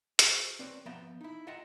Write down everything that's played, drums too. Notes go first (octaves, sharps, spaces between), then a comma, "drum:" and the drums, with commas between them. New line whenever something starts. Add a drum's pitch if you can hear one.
F#4 G#4 C5, drum: hi-hat
C4 B4 C#5 D5
F3 B3 E5 G5 A#5
D#4 E4
F4 D#5 E5 F#5 G5 A#5